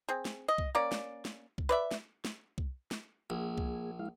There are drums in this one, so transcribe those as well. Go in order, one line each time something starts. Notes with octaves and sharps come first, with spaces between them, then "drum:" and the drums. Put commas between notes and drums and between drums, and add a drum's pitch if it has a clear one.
C4 G#4
drum: snare
D#5
drum: kick C2
A#3 C#4 D5
drum: snare
drum: snare
drum: kick C2
B4 D5 E5
drum: snare
drum: snare
drum: kick C2
drum: snare
A#1 A#3 G#4
drum: kick C2
G#3 E4 F5